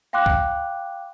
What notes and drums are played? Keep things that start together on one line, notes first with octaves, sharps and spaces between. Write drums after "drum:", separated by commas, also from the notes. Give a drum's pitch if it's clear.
F5 G5 C6 D6 F#6
drum: kick C2